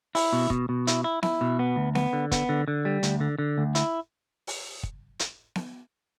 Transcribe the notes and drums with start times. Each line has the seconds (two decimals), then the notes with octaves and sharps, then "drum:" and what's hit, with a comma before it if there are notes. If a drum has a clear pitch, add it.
0.15 E4, drum: open hi-hat
0.33 B2
0.50 B2, drum: kick
0.69 B2
0.87 E4, drum: hi-hat
1.04 E4
1.23 E4, drum: snare B3
1.41 B2
1.59 B3
1.76 D2
1.95 B3, drum: snare B3
2.13 D3
2.32 B3, drum: kick, hi-hat
2.49 D3
2.68 D3
2.85 G3
3.03 D2, drum: hi-hat
3.21 D3
3.39 D3
3.58 D2
3.75 E4, drum: hi-hat
4.47 drum: open hi-hat
4.83 drum: kick
5.19 drum: hi-hat
5.55 drum: snare B3